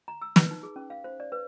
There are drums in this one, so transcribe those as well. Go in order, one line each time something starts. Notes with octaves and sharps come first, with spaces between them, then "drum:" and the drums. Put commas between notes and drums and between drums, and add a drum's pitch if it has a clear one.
A#5
E6
B4, drum: snare
D#4
G#4
C#4
F5
C5
D5
B4